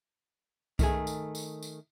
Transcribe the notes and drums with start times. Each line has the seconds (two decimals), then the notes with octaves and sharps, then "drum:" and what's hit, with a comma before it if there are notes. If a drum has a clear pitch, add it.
0.79 D#3 A3 G#4, drum: kick C2, tambourine
1.07 drum: tambourine
1.35 drum: tambourine
1.62 drum: tambourine